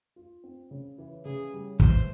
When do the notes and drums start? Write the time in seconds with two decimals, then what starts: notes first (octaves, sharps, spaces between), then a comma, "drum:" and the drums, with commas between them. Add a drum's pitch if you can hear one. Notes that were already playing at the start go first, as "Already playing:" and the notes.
0.16 F4
0.44 C4
0.71 C#3
0.98 E3
1.25 C#3 G#4
1.53 G3
1.80 E3 C5, drum: kick